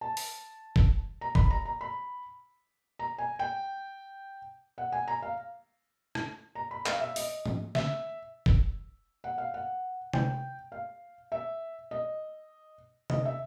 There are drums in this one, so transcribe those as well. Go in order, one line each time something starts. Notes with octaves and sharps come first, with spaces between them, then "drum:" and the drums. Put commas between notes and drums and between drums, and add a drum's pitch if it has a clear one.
A5
drum: open hi-hat
drum: kick A1
A#5
B5, drum: kick A1
A#5
A#5
B5
A#5
G#5
G5
F#5
G#5
A#5
F5
drum: rim click
A#5
B5
F5, drum: clap
E5
D#5, drum: open hi-hat
drum: tom G#2
E5, drum: snare
drum: kick A1
F#5
F5
F#5
G5, drum: tom C3
F5
E5
D#5
D#5, drum: tom C3
E5